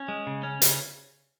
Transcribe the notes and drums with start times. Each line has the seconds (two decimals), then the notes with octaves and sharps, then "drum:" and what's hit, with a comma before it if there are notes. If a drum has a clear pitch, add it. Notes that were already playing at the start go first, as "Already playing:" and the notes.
Already playing: C#4
0.08 G#3
0.27 C#3
0.43 C#4
0.62 C#3, drum: hi-hat